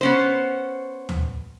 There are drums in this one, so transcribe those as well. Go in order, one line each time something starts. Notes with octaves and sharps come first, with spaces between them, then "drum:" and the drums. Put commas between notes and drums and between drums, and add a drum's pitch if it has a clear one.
B3 C#4 C5
drum: tom